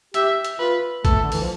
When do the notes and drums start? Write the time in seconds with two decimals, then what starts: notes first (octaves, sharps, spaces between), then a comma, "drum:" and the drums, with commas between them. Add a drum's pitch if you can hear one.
0.14 G4 E5, drum: hi-hat
0.45 drum: hi-hat
0.59 F4 B4
1.05 A3 A4, drum: kick A#1, hi-hat
1.22 D3
1.32 E3, drum: open hi-hat
1.40 F3